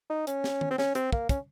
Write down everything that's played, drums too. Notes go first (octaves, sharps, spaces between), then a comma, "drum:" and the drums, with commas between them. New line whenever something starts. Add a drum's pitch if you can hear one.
D#4
C#4, drum: hi-hat
drum: snare
drum: tom D#3
C4
C#4, drum: snare
C4, drum: hi-hat
A#3, drum: kick
C#4, drum: kick, hi-hat